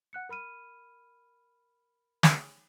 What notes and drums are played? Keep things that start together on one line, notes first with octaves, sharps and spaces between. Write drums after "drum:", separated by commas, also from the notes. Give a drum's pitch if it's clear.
F#5 F#6 C#7
A#4 B5 F6 D#7
drum: snare